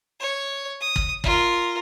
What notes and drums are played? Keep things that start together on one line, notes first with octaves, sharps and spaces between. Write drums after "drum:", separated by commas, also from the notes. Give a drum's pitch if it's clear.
C#5
D#6
drum: kick
F4 A#4, drum: kick